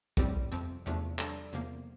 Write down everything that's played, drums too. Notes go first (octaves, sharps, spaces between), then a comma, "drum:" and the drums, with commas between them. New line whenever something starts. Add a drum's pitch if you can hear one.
A2 G3 C4 G4, drum: kick, hi-hat
F2 C3 F3 C4, drum: hi-hat
E2 C3 F3 A3 D4, drum: hi-hat
G3 D4 A4 D5, drum: clap
E2 C3 F3 A#3, drum: hi-hat